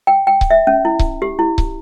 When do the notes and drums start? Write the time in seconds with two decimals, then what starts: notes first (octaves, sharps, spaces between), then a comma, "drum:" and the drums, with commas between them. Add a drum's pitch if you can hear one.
0.07 G5
0.27 G5
0.41 drum: kick C#1
0.50 E5
0.67 C#4
0.85 E4
0.99 drum: kick C#1
1.22 G4
1.39 E4
1.58 drum: kick C#1